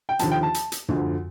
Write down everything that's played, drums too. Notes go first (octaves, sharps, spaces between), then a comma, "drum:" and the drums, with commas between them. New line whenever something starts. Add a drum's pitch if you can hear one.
G5
D#2 D3 F3 A5, drum: hi-hat
G5
A5
drum: hi-hat
drum: hi-hat
D2 D3 F3, drum: tom